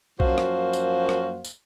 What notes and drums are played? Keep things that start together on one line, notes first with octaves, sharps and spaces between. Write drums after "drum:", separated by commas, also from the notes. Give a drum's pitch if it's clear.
F#2 F3 A#3 F#4 C5 F5, drum: kick B1
drum: rim click
drum: tambourine
drum: rim click
drum: tambourine